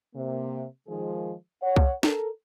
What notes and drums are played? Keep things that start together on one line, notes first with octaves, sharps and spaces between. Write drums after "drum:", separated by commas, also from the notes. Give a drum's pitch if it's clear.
C3 A#3
D#3 F3 G#3 G#4
C#5 F#5
drum: kick C2
A4 A#4, drum: snare